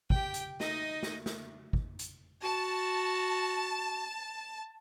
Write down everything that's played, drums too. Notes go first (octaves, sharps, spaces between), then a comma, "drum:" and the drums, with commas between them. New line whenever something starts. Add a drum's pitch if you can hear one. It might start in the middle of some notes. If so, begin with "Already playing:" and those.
G4 G5, drum: kick
drum: hi-hat
D#4 D#5, drum: snare
drum: snare
drum: snare
drum: kick
drum: hi-hat
F#4 A5